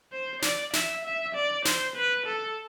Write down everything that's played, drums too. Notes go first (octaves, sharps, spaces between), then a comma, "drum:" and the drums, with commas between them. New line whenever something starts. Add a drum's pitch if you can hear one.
C5
D5, drum: snare
E5, drum: snare
E5
D5
C5, drum: snare
B4
A4